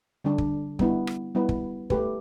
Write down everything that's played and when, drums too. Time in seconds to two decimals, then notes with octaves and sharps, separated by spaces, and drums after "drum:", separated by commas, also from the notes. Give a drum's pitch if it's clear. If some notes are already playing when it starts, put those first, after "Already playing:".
0.24 D3 G3 D4
0.38 drum: kick
0.79 G3 B3 E4, drum: kick
1.07 drum: rim click
1.35 G3 B3 E4 B4
1.49 drum: kick
1.90 A3 G4 B4, drum: kick